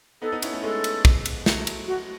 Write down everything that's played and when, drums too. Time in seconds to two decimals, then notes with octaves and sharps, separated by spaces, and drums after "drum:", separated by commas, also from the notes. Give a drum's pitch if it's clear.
0.22 B3 D#4 A4
0.32 B3 D#4
0.42 C#4 E4, drum: cymbal
0.53 A3 C#4
0.63 G#3 B3 A4
0.84 drum: cymbal
1.05 drum: kick
1.25 drum: cymbal
1.46 F#3 A3, drum: snare
1.67 drum: cymbal
1.88 F#4